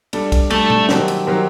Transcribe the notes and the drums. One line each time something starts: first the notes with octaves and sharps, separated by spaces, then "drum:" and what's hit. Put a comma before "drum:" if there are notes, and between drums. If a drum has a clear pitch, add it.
G3 D4 A4, drum: cymbal
drum: kick, cymbal
G3 A3 D4 A4, drum: cymbal
drum: tom A#2
D#3 F#3 C4 G4 A#4, drum: snare
drum: cymbal
D#3 F#3 C4 G4 A#4